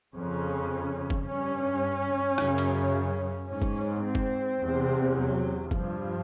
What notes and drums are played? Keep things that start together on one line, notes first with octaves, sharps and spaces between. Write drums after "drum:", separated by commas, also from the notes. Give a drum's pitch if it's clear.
F2 C#3 C#4
drum: kick
G2 C#4
F#2 C#3, drum: rim click
drum: cymbal
G#2 C#4
drum: kick
C4
drum: kick
E2 C3
F#3
G2 F3, drum: kick